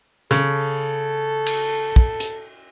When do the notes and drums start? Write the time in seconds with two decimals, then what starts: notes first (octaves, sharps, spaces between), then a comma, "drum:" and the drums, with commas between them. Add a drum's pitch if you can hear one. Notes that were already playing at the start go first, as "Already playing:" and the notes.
0.31 C#3 A4, drum: hi-hat
1.46 drum: cymbal
1.96 drum: kick
2.20 drum: hi-hat